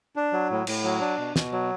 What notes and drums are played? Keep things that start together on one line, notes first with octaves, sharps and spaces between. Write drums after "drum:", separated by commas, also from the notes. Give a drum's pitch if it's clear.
D4
F#3
A2
A2, drum: cymbal
F#3
D4
B2
B2, drum: snare
F#3